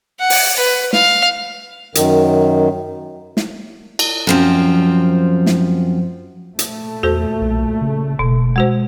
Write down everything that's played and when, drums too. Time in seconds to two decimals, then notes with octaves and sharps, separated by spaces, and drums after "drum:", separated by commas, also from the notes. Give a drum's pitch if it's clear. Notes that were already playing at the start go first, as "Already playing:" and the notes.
0.20 F#5
0.30 drum: open hi-hat
0.57 B4
0.93 F5, drum: snare
1.95 F#2 D#3, drum: hi-hat
3.37 drum: snare
3.99 drum: cymbal
4.27 F#2 F3 C4
5.46 drum: snare
6.59 A#2 A3, drum: hi-hat
7.03 E2 F#4 A4 C5
7.41 B1
7.81 C#3
8.19 D#1 B2
8.56 G#3 F#4 C5